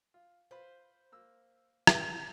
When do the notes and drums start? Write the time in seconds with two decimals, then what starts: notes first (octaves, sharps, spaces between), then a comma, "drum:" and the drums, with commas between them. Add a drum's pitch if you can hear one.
0.14 F4
0.51 F4 B4 C5
1.12 A#3 E6
1.87 drum: rim click
2.05 A#4 A5 A#5